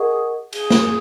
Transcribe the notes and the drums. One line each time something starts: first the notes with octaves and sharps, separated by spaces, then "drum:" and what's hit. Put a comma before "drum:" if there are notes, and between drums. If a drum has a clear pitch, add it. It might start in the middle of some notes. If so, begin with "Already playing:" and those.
Already playing: G#4 A#4 D#5 F#5 C#6
G#4, drum: cymbal
drum: snare